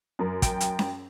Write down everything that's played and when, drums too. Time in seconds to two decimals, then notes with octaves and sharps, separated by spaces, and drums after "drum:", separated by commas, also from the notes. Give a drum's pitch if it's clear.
0.19 F#2 A#4
0.42 G5, drum: kick, hi-hat
0.61 drum: hi-hat
0.79 drum: snare C#4